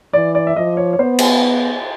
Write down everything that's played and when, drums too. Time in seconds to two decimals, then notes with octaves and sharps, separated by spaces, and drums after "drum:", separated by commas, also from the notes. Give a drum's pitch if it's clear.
0.13 E3 D5
0.35 D5
0.47 E5
0.56 F3 D#5
0.77 C#5
0.93 C#5
0.99 B3 C5
1.19 drum: cymbal